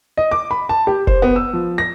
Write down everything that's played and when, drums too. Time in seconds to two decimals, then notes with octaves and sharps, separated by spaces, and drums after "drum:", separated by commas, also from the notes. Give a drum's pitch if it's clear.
0.17 D#5
0.31 D6
0.51 B5
0.69 A5
0.87 G4
1.07 C5, drum: kick F1
1.22 B3
1.36 E6
1.53 F3
1.78 A#6